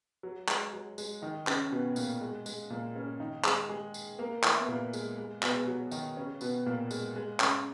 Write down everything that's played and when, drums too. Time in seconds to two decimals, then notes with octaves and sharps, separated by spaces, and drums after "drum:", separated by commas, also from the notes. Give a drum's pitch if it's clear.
0.23 F#3
0.48 G#3, drum: clap
0.73 F#3
0.98 G#3, drum: tambourine
1.22 D#3 D#4
1.47 C#3 C#4, drum: clap
1.72 B2 B3
1.96 A#2 A#3, drum: tambourine
2.21 G#3
2.46 G#3, drum: tambourine
2.70 A#2 A#3
2.95 C#3 C#4
3.20 D#3 D#4
3.44 G#3 G#4, drum: clap
3.69 G#3 G#4
3.94 drum: tambourine
4.19 A#3 A#4
4.43 E3 E4, drum: clap
4.57 B3
4.68 A#2 A#3
4.93 G#3, drum: tambourine
5.18 G#3
5.42 B2 B3, drum: clap
5.56 G#4
5.67 F#3 F#4
5.91 D#3 D#4, drum: tambourine
6.17 C#3 C#4
6.41 B2 B3, drum: tambourine
6.66 A#2 A#3
6.91 G#3, drum: tambourine
7.16 G#3
7.40 C#3 C#4, drum: clap